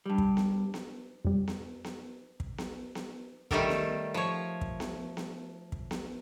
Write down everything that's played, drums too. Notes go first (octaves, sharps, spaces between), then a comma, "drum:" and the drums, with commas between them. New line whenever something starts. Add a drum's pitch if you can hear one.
G2 G3
drum: kick
drum: snare B3
drum: snare B3
F2 G3
drum: snare B3
drum: snare B3
drum: kick
drum: snare B3
drum: snare B3
D#3 G3 A3 G4 A4 A#4, drum: kick
drum: snare B3
F3 C#5
drum: kick
drum: snare B3
drum: snare B3
drum: kick
drum: snare B3